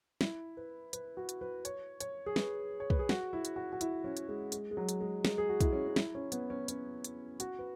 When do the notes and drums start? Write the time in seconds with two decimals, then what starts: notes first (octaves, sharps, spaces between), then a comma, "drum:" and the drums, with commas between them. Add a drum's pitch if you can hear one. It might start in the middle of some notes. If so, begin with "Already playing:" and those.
0.21 E4, drum: snare
0.57 B4
0.93 B4, drum: hi-hat
1.17 F#4
1.29 drum: hi-hat
1.41 B4
1.65 C#5, drum: hi-hat
2.00 C#5, drum: hi-hat
2.26 G#4
2.36 B4, drum: snare
2.80 C#5
2.90 B4, drum: kick
2.99 G#4
3.09 F#4, drum: snare
3.33 E4
3.45 drum: hi-hat
3.56 F#4
3.73 F#4
3.81 E4, drum: hi-hat
4.04 C#4
4.17 drum: hi-hat
4.28 G#3
4.52 G#3, drum: hi-hat
4.71 G#3
4.77 F#3
4.89 drum: hi-hat
5.01 G#3
5.25 G#3, drum: snare
5.38 G#4
5.49 F#4
5.61 E4, drum: kick, hi-hat
5.73 C#4
5.88 C#4
5.96 E4, drum: snare
6.15 C#4
6.32 B3, drum: hi-hat
6.50 C#4
6.68 C#4, drum: hi-hat
7.04 drum: hi-hat
7.40 F#4, drum: hi-hat
7.59 B4